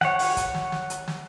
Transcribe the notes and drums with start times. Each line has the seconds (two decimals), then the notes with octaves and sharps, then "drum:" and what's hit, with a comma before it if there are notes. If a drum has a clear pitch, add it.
0.01 C#5 F#5, drum: snare
0.19 drum: open hi-hat
0.37 drum: kick, hi-hat
0.54 drum: snare
0.72 drum: snare
0.90 drum: hi-hat
1.08 drum: snare